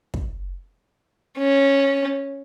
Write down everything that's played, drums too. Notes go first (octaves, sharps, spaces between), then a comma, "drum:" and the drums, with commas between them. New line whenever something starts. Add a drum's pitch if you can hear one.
drum: kick
C#4